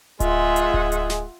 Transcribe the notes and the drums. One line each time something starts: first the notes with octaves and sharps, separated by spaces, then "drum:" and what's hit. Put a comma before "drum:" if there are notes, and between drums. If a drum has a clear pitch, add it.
G#3 F4 G#4 E5 F#5, drum: kick D1, hi-hat
drum: hi-hat
drum: kick D1
drum: hi-hat
drum: snare